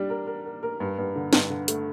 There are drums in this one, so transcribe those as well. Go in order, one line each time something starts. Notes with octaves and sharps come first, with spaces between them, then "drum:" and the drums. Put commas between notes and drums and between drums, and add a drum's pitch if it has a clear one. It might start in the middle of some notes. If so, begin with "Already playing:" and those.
Already playing: G3 D4
A#4
A#4
A#4
A#4
G2
G2
D3
G2, drum: snare
D3
A3, drum: hi-hat